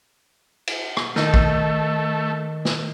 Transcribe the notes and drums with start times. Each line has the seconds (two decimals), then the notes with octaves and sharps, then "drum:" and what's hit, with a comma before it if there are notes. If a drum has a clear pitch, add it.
0.67 drum: cymbal
0.97 drum: rim click
1.16 D#3 A3, drum: snare
1.34 drum: kick A#1
2.65 drum: snare